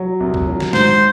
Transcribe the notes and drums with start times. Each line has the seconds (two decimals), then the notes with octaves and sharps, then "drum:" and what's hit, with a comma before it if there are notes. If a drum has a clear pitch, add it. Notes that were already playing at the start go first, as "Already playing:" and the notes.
Already playing: F#3
0.20 C2
0.34 drum: kick
0.47 F#3
0.60 drum: snare
0.73 G#2 C5, drum: snare